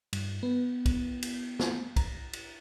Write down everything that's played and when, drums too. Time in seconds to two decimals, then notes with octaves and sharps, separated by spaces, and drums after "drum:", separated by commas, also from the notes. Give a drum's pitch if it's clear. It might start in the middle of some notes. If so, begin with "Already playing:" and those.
0.13 G2, drum: cymbal
0.43 B3
0.86 drum: kick, cymbal
1.23 drum: cymbal
1.59 drum: snare
1.96 A#5, drum: kick, cymbal
2.33 drum: cymbal